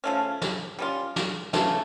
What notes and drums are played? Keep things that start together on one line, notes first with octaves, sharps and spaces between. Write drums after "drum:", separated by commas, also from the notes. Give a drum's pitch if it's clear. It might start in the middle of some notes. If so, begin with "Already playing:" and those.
C#3 F3 A3 C#4
drum: snare
G3 C#4 F4
drum: snare
C#3 E3 A3, drum: snare